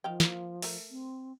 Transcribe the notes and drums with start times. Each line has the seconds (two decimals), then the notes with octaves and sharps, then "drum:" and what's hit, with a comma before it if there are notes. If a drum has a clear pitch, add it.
0.04 D#3 F3 F5 G5
0.20 A#3 F5, drum: snare
0.62 A3 A#4, drum: open hi-hat
0.91 C4